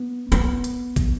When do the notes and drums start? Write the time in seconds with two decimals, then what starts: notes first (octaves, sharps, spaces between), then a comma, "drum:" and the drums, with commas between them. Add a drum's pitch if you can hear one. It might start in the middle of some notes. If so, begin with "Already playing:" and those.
Already playing: B3
0.32 B3, drum: hi-hat
0.64 drum: hi-hat
0.96 drum: kick, hi-hat